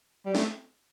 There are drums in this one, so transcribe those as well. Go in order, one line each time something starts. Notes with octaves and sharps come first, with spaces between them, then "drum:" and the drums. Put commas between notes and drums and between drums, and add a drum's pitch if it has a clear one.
G3
A3, drum: snare